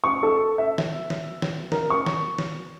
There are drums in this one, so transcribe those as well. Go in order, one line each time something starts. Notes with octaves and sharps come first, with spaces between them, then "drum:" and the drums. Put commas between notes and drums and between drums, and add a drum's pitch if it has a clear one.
C#6
A4
E5
drum: snare
drum: snare
drum: snare
A#4, drum: snare
C#6
drum: snare
drum: snare